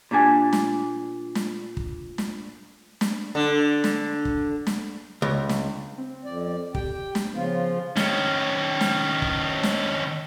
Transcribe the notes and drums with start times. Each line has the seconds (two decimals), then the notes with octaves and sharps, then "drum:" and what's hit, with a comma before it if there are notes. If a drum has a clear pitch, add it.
0.11 A#2 A#3 D4 G4 G#5
0.53 drum: snare
1.35 drum: snare
1.77 drum: kick
2.18 drum: snare
3.01 drum: snare
3.35 D3
3.84 drum: snare
4.25 drum: kick
4.67 drum: snare
5.22 C#2
5.49 drum: snare
5.98 C4
6.25 F2 D5
6.75 G4 G5, drum: kick
7.15 drum: snare
7.34 C#3 F3 B3 F4
7.96 D#3 C#4, drum: snare
8.81 drum: snare
9.22 drum: kick
9.63 drum: snare